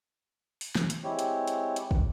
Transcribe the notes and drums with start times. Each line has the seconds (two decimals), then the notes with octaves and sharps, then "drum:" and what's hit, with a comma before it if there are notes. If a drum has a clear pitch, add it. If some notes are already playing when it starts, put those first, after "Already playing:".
0.61 drum: open hi-hat
0.75 drum: snare
0.90 drum: hi-hat
1.04 G#3 C4 E4 G4 C#5
1.19 drum: hi-hat
1.48 drum: hi-hat
1.76 drum: hi-hat
1.91 drum: kick